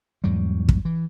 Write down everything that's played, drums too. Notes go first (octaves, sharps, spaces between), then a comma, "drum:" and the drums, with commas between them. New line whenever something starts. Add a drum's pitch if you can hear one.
E2 G#2 F#3 G3
drum: kick
E3